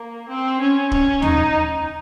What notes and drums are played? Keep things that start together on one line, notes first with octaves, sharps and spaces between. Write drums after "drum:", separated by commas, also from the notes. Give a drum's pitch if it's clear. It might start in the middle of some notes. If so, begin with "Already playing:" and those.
Already playing: A#3
C4
C#4
C#4, drum: kick
D#4, drum: tom D#2